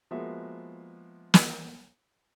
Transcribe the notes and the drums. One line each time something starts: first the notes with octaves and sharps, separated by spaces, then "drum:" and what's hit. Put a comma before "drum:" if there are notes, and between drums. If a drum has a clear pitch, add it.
F3 G#3 A#3 B3 F#4 E5
drum: snare